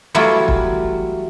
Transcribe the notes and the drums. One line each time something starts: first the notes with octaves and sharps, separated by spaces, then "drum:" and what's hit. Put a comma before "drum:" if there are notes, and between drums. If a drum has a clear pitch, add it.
E3 F#3 G3 A3 E4 F4
drum: kick